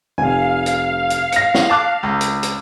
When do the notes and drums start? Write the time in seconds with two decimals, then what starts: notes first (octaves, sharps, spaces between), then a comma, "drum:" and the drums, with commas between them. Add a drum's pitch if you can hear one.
0.18 F1 F5 G#5
0.66 drum: hi-hat
1.10 drum: hi-hat
1.32 A#6 C#7, drum: hi-hat
1.54 drum: snare
1.70 A5 D6 F#6
2.03 C#2
2.21 drum: hi-hat
2.43 drum: hi-hat